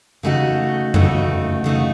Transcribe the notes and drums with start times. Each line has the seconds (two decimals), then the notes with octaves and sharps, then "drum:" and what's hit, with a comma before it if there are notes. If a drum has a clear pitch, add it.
0.23 C#3 A3 D#4 F#4
0.94 C#3 A3 D#4 F#4, drum: tom F2
1.64 C#3 A3 D#4 F#4